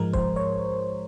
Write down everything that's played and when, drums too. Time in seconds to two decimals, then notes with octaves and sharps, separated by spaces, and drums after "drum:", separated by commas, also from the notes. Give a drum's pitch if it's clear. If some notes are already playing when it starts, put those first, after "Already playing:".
Already playing: G#2 F3 G#3 A#4
0.13 C5, drum: kick
0.36 C#5